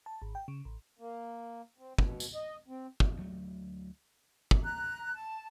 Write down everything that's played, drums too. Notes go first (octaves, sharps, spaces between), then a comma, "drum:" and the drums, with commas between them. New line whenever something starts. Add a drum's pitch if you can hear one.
A5
G#1
G5
C#3
A1
A#3
C4
B2, drum: kick
drum: tambourine
D#5
C4
drum: kick
D2 F#3 A3
drum: kick
A#5 F#6
A5